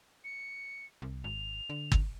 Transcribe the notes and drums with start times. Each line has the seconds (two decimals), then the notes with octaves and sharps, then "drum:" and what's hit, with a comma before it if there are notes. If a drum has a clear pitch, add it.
0.24 C#7
1.02 C2
1.24 G#1 F7
1.70 D3
1.92 drum: kick